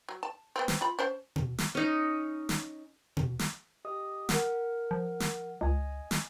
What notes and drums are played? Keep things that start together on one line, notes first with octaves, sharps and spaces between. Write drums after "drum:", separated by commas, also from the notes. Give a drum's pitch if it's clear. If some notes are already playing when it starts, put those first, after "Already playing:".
F#3
A5
B3 C4
drum: snare
F4 B5
C#4 C5 A5
drum: tom B2
drum: snare
C#4 D#4
drum: snare
drum: tom B2
drum: snare
G4 D#5 D#6
A#4 F#5, drum: snare
F3
drum: snare
C#2 D#5 G#5
drum: snare